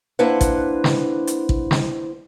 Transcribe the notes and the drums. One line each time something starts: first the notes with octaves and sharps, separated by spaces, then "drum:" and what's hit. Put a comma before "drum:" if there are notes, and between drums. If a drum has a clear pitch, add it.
A#3 D4 E4 B4 C5 F#5
drum: kick, hi-hat
drum: snare
drum: hi-hat
drum: kick
drum: snare